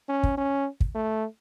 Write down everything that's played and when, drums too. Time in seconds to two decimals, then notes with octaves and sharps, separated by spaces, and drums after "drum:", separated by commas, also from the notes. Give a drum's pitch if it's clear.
0.09 C#4
0.23 drum: kick
0.38 C#4
0.80 drum: kick
0.95 A3